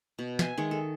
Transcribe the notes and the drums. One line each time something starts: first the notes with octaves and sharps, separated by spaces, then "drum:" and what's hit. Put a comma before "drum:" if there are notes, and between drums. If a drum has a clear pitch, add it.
B2
E5 G#5 C6, drum: snare
D#3 G#3 C#6
A4